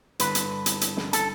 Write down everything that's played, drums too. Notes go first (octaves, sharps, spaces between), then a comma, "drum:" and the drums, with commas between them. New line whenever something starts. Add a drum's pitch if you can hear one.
G2 D3 B4, drum: hi-hat
drum: hi-hat
drum: hi-hat
drum: hi-hat
drum: snare
A4, drum: hi-hat